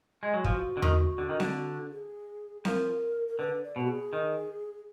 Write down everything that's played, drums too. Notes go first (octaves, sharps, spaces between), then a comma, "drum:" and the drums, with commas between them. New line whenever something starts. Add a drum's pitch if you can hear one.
G#3
F#3
F3 F#4, drum: kick
D3
D#3, drum: tom E2
D3
D#3
D3, drum: snare C4
G#4
F3 A#4, drum: snare C4
A#4
D3 B4
D5
B2 F#4
G#4
D#3